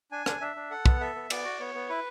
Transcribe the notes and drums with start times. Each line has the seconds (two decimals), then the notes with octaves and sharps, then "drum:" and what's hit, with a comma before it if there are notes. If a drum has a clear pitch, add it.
0.12 D4 G#5
0.26 D4, drum: rim click
0.41 D4 E5
0.56 D4
0.71 A4 F#5
0.86 B3, drum: kick
1.01 A4 E5
1.16 B3
1.30 B3 D5, drum: cymbal
1.44 F#4
1.60 B3 C#5
1.75 B3
1.89 E4 B4